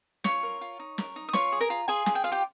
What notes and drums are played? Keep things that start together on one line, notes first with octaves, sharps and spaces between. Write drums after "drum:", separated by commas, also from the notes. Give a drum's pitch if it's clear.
F4 C#5 C#6, drum: snare
A#4
F4
D#4
A#4, drum: snare
D#4
D#6
F4 C#5 C#6, drum: snare
G#4
A#4 A#5
F4
F4 G#4 G#5
G#4, drum: snare
G5
F4 F5
G4 G5